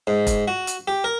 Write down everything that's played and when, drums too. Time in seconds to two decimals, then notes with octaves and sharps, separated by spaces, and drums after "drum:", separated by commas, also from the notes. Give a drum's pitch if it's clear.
0.07 G#2
0.27 drum: kick F1, hi-hat
0.48 F#4
0.67 drum: hi-hat
0.88 G4
1.04 A#4